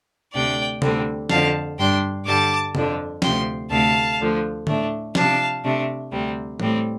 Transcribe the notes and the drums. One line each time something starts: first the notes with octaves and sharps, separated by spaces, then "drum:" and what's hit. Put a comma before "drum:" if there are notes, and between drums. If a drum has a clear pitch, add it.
D2 C3 A3 D4 D5 G5
D2 D3 G3 C4, drum: tom C3
F2 D3 F3 F5 A5, drum: snare
G2 G3 D4 G5 C6
G2 D3 G3 A5 D6
F2 D3 F3 D4, drum: tom C3
D2 C3 F3 G5 C6, drum: snare
D2 C3 A3 F5 A5
D2 D3 F3
A2 A3 D4, drum: tom D3
C3 F3 D4 F5 A5, drum: snare
C3 A3 D4
D2 C3 G3 C4
A2 G3 C4, drum: tom